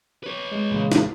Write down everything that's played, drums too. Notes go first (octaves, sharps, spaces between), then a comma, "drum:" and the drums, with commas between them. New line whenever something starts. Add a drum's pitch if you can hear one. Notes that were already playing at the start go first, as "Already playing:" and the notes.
B4 C#5
G#3
E2 A#2 C#3
drum: snare